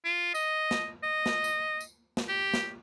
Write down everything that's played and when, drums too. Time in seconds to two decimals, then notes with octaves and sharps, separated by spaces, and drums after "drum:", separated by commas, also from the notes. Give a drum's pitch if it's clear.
0.05 F4
0.34 D#5, drum: tambourine
0.71 drum: snare
1.04 D#5
1.26 drum: snare
1.44 drum: tambourine
1.81 drum: tambourine
2.17 drum: snare
2.29 G4
2.54 drum: snare